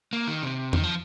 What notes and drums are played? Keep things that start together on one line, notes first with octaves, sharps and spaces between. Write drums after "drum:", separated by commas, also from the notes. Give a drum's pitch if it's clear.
A#3
D#3
C3
D#3, drum: tom E2
F3